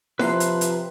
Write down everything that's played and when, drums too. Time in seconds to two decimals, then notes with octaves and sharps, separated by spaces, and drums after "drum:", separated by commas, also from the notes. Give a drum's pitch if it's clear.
0.19 C3 F3 B4 E5 A#5 C6, drum: snare E4
0.40 drum: hi-hat
0.61 drum: hi-hat